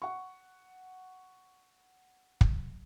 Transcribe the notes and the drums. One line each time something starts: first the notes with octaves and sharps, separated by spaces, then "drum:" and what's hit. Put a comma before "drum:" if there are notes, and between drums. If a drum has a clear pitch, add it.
F#5 C#6
drum: kick